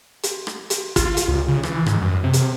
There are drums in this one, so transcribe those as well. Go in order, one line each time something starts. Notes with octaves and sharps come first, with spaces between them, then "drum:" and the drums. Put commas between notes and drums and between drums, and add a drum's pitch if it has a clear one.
drum: hi-hat
drum: rim click
drum: hi-hat
F4, drum: kick, hi-hat
drum: hi-hat
C#2
C#3
E3, drum: rim click
G#2, drum: rim click
F#2
C3
drum: hi-hat